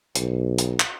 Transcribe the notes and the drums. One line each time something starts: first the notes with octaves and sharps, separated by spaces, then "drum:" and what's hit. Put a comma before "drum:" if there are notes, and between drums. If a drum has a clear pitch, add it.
B1, drum: hi-hat
drum: hi-hat
drum: clap